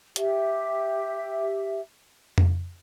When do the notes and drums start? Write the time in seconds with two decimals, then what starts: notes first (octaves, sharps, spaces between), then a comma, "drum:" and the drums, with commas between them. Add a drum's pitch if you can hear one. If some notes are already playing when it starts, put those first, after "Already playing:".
0.16 G4 E5, drum: hi-hat
2.38 drum: tom F2